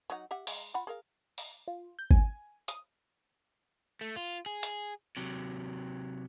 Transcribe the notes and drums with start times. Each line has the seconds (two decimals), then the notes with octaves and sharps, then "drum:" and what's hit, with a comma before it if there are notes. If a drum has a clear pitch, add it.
0.10 F#3 D#4 F#5
0.31 G4 E5 F#5
0.47 G#3, drum: open hi-hat
0.74 F4 F#5 B5
0.87 G#4 A#4 F5
1.38 drum: open hi-hat
1.68 F4
1.99 G6
2.11 G#5, drum: kick G#1
2.68 D#6, drum: hi-hat
4.01 A3
4.16 F4
4.46 G#4
4.63 drum: hi-hat
5.17 C3 F#3